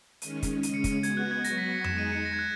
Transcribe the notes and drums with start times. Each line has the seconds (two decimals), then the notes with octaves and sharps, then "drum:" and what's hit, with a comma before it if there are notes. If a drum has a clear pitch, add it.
0.22 D#3 G#3 C#4 D#7, drum: hi-hat
0.43 drum: kick, hi-hat
0.63 C#3 G#3 C#4 D#7, drum: hi-hat
0.74 C#7
0.84 D#7, drum: kick, hi-hat
1.03 G#3 B3 F#4 G#6, drum: hi-hat
1.17 F#6
1.31 G#6
1.44 F#3 B3 F#4 A#6, drum: hi-hat
1.58 B6
1.71 C#7
1.84 G#3 D#4 G#4 E7, drum: tom F2
1.98 D#7
2.12 C#7
2.25 A#6
2.33 G#6
2.39 F#6